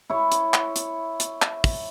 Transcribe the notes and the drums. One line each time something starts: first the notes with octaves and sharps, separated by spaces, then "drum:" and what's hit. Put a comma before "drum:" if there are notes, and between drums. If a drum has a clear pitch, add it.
E4 C#5
drum: hi-hat
drum: clap
drum: hi-hat
drum: hi-hat
drum: clap
drum: kick, open hi-hat